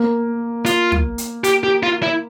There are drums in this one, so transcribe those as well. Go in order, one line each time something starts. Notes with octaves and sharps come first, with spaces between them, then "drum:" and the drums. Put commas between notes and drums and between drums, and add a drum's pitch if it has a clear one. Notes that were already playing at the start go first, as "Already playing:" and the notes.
Already playing: A#3
F4, drum: hi-hat
drum: tom
drum: hi-hat
G4, drum: hi-hat
G4
F4
E4